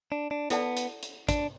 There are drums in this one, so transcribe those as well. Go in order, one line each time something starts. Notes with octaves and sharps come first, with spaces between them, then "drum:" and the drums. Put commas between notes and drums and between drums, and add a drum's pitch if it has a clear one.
D4
D4
B3 E4 A4 D5 F#5 A5, drum: hi-hat
drum: hi-hat
drum: hi-hat
D4, drum: kick, hi-hat